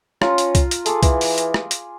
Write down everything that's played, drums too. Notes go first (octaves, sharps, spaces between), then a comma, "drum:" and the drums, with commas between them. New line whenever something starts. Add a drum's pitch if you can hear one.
C#4 F4 A#5, drum: rim click
drum: hi-hat
drum: kick C2, hi-hat
drum: hi-hat
G#4 A4 D6, drum: hi-hat
E3, drum: kick C2, hi-hat
drum: open hi-hat
drum: hi-hat
drum: rim click
drum: hi-hat